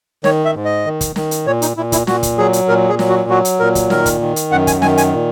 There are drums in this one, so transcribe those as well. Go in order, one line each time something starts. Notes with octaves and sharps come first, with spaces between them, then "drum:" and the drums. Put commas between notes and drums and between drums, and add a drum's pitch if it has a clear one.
D#3 C#5, drum: snare
E5
G#2
D#5
D#3
drum: kick, hi-hat
D#3, drum: snare
drum: hi-hat
A#2 C#5
D#4, drum: hi-hat
A#2 E4
E4, drum: kick, hi-hat
A#2 F#4, drum: snare
drum: kick, hi-hat
F#3 G#4
drum: hi-hat
A#2 A#4
G#4
F#3, drum: snare
F#4
F#3 F#4
drum: hi-hat
A#2 A#4
drum: kick, hi-hat
D#3 A#4, drum: snare
drum: kick, hi-hat
D#3
drum: hi-hat
F#2 F#5
G#5, drum: kick, hi-hat
D#3 G#5, drum: snare
G#5, drum: hi-hat
A#2